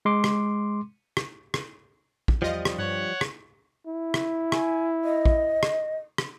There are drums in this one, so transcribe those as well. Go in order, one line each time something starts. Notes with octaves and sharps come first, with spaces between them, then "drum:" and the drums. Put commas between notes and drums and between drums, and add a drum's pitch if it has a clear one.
G#3 C6 D6
drum: rim click
drum: rim click
drum: rim click
drum: kick
E2 F3 G3 F4 D#5
drum: rim click
G2 C#5 F#5
drum: rim click
E4
drum: rim click
G#5, drum: rim click
D#5
drum: kick
drum: rim click
drum: rim click